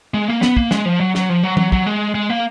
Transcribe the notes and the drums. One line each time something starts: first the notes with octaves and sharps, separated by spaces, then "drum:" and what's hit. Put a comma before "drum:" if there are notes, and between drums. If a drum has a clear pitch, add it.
G#3
A#3
B3, drum: snare
A#3, drum: kick
G#3, drum: snare
F3
F#3
F#3, drum: snare
F3
F#3
F#3, drum: tom E3
F#3, drum: kick
G#3
G#3
A#3